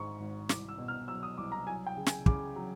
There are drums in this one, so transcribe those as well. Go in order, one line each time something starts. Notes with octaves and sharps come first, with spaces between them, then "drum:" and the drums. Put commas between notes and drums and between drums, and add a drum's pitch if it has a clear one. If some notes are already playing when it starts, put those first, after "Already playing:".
Already playing: G#1 G#2 C#6
G#1
C2 D6, drum: snare
E6
B2
F6
F#3 E6
D#6
C2 D6
A#5
F#3 G#5
G5
C#3
G#5, drum: snare
C#3 D6, drum: kick
F#3